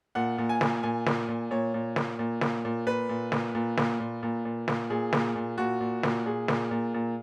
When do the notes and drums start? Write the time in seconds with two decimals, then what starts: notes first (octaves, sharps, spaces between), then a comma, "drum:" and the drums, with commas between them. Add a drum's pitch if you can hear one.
0.15 A#2 F#5
0.38 A#2
0.49 G#5
0.61 A#2, drum: snare
0.83 A#2 G#5
1.06 A#2, drum: snare
1.28 A#2
1.51 A#2 C#5
1.74 A#2
1.96 A#2, drum: snare
2.19 A#2
2.41 A#2, drum: snare
2.65 A#2
2.87 A#2 B4
3.09 A#2
3.32 A#2, drum: snare
3.55 A#2
3.77 A#2, drum: snare
4.00 A#2
4.23 A#2
4.45 A#2
4.68 A#2, drum: snare
4.90 A#2 G#4
5.13 A#2, drum: snare
5.36 A#2
5.58 A#2 F#4
5.81 A#2
6.03 A#2, drum: snare
6.26 A#2 G#4
6.48 A#2, drum: snare
6.71 A#2
6.94 A#2